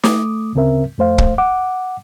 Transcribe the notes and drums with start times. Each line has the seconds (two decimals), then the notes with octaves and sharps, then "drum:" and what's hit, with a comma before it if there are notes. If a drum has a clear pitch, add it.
0.04 A3 D6 D#6, drum: snare
0.55 D2 C#3 C4 A#4 E5
0.98 F2 A3 C5 F5
1.18 drum: kick
1.38 F#5 D6